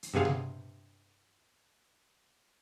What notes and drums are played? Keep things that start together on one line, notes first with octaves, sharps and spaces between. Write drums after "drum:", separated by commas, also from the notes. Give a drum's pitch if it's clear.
drum: hi-hat
G2 C3 B3 G#4 F5
drum: tom B2